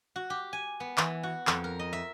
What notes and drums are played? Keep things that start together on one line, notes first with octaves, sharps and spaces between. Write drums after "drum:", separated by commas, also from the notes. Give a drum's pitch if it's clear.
F#4
G4
G#5
B3
E3, drum: clap
F#4
F2, drum: clap
A#4
D#5
E5